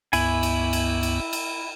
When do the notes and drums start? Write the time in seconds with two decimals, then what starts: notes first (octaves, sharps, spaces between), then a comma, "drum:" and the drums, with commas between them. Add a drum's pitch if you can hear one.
0.13 C#2 G2 B3 E4 G#5, drum: cymbal
0.43 drum: cymbal
0.73 drum: cymbal
1.03 drum: cymbal
1.33 drum: cymbal